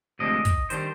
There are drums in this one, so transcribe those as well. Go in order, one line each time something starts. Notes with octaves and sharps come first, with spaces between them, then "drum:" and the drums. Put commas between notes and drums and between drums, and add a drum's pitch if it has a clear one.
D2 C3 F3 G#3 D4 D#5
drum: kick, hi-hat
D#3 G3 D4 C5, drum: hi-hat